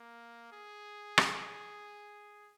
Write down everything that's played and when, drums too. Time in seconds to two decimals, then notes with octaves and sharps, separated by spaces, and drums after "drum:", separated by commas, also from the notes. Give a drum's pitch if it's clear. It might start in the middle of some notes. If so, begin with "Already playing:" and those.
Already playing: A#3
0.52 G#4
1.18 drum: rim click